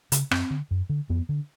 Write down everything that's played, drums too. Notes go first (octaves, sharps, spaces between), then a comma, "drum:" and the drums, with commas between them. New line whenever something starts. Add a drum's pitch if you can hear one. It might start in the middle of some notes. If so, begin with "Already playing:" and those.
C#3, drum: hi-hat
F#2 C4, drum: rim click
D3
F#2
D3
F2 B3
D3